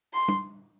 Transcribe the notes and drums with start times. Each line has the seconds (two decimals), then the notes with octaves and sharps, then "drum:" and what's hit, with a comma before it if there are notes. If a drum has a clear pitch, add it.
0.13 C6
0.28 drum: tom